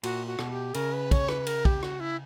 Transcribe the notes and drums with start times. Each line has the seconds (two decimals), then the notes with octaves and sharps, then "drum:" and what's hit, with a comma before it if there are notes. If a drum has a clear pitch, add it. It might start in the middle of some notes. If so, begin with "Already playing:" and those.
0.03 A#2 F#4, drum: cymbal
0.27 F#4
0.39 B2, drum: rim click
0.51 G4
0.74 C#3 A#4, drum: cymbal
0.93 B4
1.11 C#5, drum: kick, cymbal
1.29 B4, drum: rim click
1.46 A#4, drum: cymbal
1.65 G4, drum: kick
1.83 F#4, drum: rim click
2.00 E4